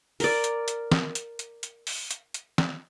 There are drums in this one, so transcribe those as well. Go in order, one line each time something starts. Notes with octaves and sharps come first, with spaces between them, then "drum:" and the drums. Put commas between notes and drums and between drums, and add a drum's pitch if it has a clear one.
A#4 D5, drum: open hi-hat
drum: hi-hat
drum: hi-hat
drum: snare
drum: hi-hat
drum: hi-hat
drum: hi-hat
drum: open hi-hat
drum: hi-hat
drum: hi-hat
drum: snare